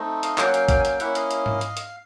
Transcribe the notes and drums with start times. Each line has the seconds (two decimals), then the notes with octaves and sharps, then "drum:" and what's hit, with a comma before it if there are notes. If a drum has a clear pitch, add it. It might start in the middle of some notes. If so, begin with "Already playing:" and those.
Already playing: A3 C4 D#4
0.23 D#5 F5, drum: hi-hat
0.38 F#3 A#3 C#4 F5 G5, drum: clap
0.47 F#5
0.54 F5 G5, drum: hi-hat
0.68 F5 G5, drum: kick A#1, hi-hat
0.80 G#5
0.85 F5 G5, drum: hi-hat
1.00 A#3 C#4 E4 E5 F#5, drum: hi-hat
1.15 D#5 F5, drum: hi-hat
1.31 drum: hi-hat
1.46 drum: tom G#2
1.61 drum: hi-hat
1.77 drum: hi-hat